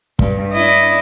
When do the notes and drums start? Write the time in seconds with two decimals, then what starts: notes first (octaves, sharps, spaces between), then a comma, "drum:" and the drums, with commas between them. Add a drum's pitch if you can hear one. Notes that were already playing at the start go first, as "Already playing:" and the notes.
0.19 G2, drum: kick
0.52 D4 E4 D#5